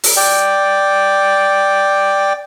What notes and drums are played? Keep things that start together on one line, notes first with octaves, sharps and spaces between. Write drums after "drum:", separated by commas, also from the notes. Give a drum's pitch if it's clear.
drum: open hi-hat
D5 G5